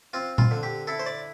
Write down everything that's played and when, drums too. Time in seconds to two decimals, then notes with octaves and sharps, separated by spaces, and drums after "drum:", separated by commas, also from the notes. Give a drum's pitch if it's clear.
0.13 C4 F4
0.38 F4, drum: tom A#2
0.51 D3
0.63 G4
0.87 E4 A4
0.99 C5
1.06 D5